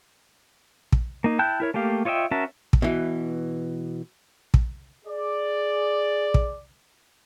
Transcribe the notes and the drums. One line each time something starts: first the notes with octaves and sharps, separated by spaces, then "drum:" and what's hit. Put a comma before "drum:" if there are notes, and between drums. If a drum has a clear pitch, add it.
drum: kick
A#3 D#4
E4 G5 A5 F#6 G6
E4 A#4 C#5
A3 A#3 G4 F5
F4 C#5 D#5 E5 G5
C#4 F#4 A#4 E5 A5
drum: kick
B2 E3
drum: kick
G#4 D5
drum: kick